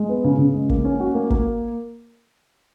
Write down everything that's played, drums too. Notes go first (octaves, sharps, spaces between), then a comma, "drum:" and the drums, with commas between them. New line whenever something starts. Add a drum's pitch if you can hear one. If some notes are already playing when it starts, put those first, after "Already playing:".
Already playing: G#3
B3
C#3
C#3
G#3
A#3, drum: kick
C#4
F#4
A#3
A#3, drum: kick